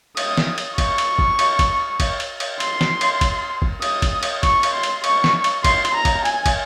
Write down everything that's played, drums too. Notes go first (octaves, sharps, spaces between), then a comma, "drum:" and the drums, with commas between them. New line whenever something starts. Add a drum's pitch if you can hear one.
D#6, drum: cymbal
drum: snare
drum: cymbal
C#6, drum: kick, cymbal
drum: cymbal
drum: kick
drum: cymbal
drum: kick, cymbal
drum: kick, cymbal
drum: cymbal
drum: cymbal
C6, drum: cymbal
drum: snare
drum: cymbal
drum: kick, cymbal
drum: kick
D#6, drum: cymbal
drum: kick, cymbal
drum: cymbal
C#6, drum: kick, cymbal
drum: cymbal
C6
drum: cymbal
C#6, drum: cymbal
drum: snare
drum: cymbal
C6, drum: kick, cymbal
drum: cymbal
A#5
drum: kick, cymbal
G#5, drum: cymbal
drum: kick, cymbal